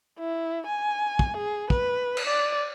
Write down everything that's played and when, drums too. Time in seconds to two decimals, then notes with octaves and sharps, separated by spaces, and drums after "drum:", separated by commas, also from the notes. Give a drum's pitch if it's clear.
0.19 E4
0.66 G#5
1.19 drum: kick
1.37 G#4
1.70 B4, drum: kick
2.17 drum: cymbal
2.27 D5